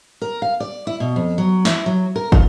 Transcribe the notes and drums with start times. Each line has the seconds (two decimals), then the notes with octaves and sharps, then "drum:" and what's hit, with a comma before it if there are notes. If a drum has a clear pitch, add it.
0.22 A#4
0.42 F5
0.60 D5
0.87 E4
1.00 B2
1.16 F2
1.38 F#3
1.65 E4, drum: snare
1.86 F#3
2.16 A#4
2.32 F4, drum: kick